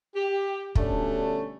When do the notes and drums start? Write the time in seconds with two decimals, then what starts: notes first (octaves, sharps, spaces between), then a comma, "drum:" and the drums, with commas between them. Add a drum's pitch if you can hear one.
0.16 G4
0.75 B2 D3 G3 A3 C#4 D4, drum: kick